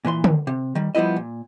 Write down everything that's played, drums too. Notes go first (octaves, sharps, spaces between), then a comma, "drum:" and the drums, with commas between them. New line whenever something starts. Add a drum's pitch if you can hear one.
A#2 E3 C5 C6
drum: tom D3
C3
D#3 G3
F3 G3 B3 E4 D#5
A#2